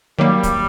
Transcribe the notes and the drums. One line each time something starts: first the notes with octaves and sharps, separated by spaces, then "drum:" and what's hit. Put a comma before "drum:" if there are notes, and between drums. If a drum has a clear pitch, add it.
D#3 F#3 G3 A#3
drum: kick, hi-hat